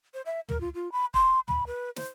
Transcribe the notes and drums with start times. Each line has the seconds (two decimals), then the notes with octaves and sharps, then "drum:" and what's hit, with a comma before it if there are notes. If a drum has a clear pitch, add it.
0.14 C5
0.26 E5
0.49 A#4, drum: tom
0.61 F4
0.74 F4
0.92 B5
1.14 C6, drum: kick
1.48 B5, drum: tom
1.67 B4
1.96 C5, drum: snare